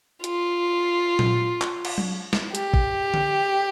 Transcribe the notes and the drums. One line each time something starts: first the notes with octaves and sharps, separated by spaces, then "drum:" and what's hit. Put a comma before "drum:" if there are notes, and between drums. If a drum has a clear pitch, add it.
F4, drum: hi-hat
drum: tom A#2
drum: clap
drum: cymbal
drum: tom F#3
drum: snare
G4, drum: hi-hat
drum: kick
drum: tom D3